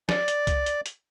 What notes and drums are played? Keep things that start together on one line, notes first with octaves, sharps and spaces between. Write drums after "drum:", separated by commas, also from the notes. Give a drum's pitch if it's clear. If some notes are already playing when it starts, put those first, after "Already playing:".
D5, drum: snare
drum: hi-hat
drum: kick C2, hi-hat
drum: hi-hat
drum: hi-hat